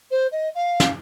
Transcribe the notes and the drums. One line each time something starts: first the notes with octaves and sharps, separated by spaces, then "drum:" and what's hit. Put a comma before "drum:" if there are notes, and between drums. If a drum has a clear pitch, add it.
C5
D#5
F5
drum: snare